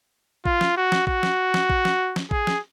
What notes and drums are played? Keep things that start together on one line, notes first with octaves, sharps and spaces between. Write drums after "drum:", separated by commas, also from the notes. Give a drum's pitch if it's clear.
F4, drum: kick A#1
drum: snare
F#4
drum: snare
F#4, drum: kick A#1
drum: snare
drum: snare
drum: kick A#1
drum: snare
drum: snare
G#4, drum: kick A#1
drum: snare